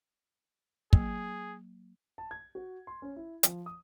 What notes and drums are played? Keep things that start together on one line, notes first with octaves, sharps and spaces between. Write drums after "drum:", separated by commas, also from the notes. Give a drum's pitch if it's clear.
F#3 A#3 G#4, drum: kick
A5
G#6
F#4
C6
C#4
E4
F3, drum: hi-hat
D#6